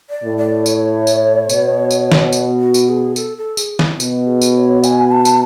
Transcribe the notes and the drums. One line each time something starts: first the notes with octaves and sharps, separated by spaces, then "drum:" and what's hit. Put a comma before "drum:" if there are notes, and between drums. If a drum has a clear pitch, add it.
D5
A2
D5
C#5, drum: tambourine
drum: tambourine
B2, drum: tambourine
drum: tambourine
drum: snare
drum: tambourine
F#4
drum: tambourine
G#4
A4, drum: tambourine
A4
G#4, drum: tambourine
E4, drum: snare
B2 F#4, drum: tambourine
G#4
drum: tambourine
C#5
G#5, drum: tambourine
A5
drum: tambourine